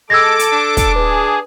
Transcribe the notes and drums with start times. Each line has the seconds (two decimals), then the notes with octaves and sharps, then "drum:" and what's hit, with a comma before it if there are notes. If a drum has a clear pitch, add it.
0.10 G#3 A4 D6 E6 G#6 A#6
0.39 drum: hi-hat
0.53 D4
0.77 drum: kick, hi-hat
0.96 G#4 B4